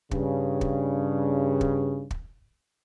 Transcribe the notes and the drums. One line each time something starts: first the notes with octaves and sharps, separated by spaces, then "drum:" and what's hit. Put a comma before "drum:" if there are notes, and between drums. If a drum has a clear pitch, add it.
G2 C#3, drum: kick
drum: kick
drum: kick
drum: kick